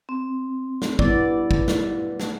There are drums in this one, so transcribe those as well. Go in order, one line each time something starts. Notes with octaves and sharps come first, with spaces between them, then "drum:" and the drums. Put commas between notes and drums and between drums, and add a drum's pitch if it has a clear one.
C4
drum: snare
G3 B3 E4 D5, drum: kick
drum: kick
drum: snare
drum: snare